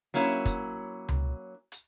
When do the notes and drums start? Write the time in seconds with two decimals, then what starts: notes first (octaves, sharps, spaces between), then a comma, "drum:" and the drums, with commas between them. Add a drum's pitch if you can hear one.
0.14 F#3 A#3 C#4 E4 C#5
0.45 drum: kick, hi-hat
1.09 drum: tom C#2
1.72 drum: hi-hat